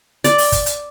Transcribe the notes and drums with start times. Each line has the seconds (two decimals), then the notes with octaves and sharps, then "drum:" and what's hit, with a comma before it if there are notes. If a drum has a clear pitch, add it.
0.24 D5, drum: hi-hat
0.38 drum: open hi-hat
0.52 drum: kick, hi-hat
0.66 drum: hi-hat